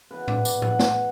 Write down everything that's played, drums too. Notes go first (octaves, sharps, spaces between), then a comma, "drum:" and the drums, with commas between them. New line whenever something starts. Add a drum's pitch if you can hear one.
C#3 E3 B3 B4
D5, drum: tom A2
D5, drum: tambourine
F#5, drum: tom A2
drum: snare